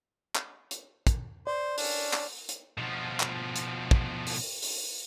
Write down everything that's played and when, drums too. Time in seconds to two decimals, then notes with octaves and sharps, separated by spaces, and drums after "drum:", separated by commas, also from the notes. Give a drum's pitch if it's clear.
0.35 drum: clap
0.71 drum: hi-hat
1.07 drum: kick, hi-hat
1.47 C5 D5
1.78 C#4 D4, drum: open hi-hat
2.13 drum: clap
2.49 drum: hi-hat
2.78 B2 F3
3.20 drum: clap
3.56 drum: hi-hat
3.91 drum: kick
4.27 drum: open hi-hat
4.62 drum: open hi-hat